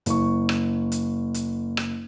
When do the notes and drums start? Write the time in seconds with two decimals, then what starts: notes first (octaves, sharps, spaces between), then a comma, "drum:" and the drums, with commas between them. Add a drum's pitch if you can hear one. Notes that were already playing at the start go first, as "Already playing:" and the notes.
0.06 F#1 C#6, drum: hi-hat
0.49 drum: rim click
0.92 drum: hi-hat
1.34 drum: hi-hat
1.77 drum: rim click